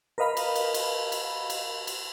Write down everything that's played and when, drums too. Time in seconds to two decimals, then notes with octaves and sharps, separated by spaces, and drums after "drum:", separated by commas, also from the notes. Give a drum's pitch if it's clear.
0.18 A#4 B4 D#5 F5 B5
0.37 drum: cymbal
0.56 drum: cymbal
0.74 drum: cymbal
1.12 drum: cymbal
1.50 drum: cymbal
1.87 drum: cymbal